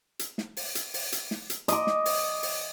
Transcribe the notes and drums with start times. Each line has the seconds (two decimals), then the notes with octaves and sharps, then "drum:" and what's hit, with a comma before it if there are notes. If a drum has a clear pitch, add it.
0.19 drum: hi-hat
0.38 drum: snare
0.57 drum: open hi-hat
0.75 drum: hi-hat
0.94 drum: open hi-hat
1.12 drum: hi-hat
1.31 drum: snare
1.50 drum: hi-hat
1.68 D#5 D6, drum: hi-hat
1.87 drum: snare
2.05 drum: open hi-hat
2.43 drum: open hi-hat